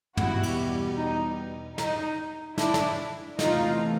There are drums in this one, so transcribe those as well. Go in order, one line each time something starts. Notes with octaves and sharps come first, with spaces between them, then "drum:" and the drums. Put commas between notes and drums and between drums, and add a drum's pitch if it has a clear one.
E2 B2 G3 E4 F#4, drum: tom
drum: cymbal
D#4
D#4, drum: snare
D4 E4, drum: snare
drum: snare
E2 C3 E3 A3 D#4 F4, drum: snare